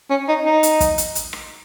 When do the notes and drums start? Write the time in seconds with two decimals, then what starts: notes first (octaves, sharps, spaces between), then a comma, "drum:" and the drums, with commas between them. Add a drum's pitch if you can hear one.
0.10 C#4
0.28 D#4
0.45 D#4
0.63 drum: hi-hat
0.80 drum: kick, hi-hat
0.98 drum: hi-hat
1.15 drum: hi-hat
1.33 drum: rim click